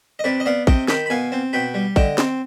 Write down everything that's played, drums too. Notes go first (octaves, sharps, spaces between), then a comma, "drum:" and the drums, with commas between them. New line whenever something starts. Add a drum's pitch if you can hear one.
D#5
C3 B4 D5
D#5
B3 D5 F5
C3 D#5 G5, drum: kick
D#3 G5 B5, drum: snare
B5
B2 F5 G#5
C4
B2 G5 B5
G3
D3 D#5 G5, drum: kick
C4, drum: snare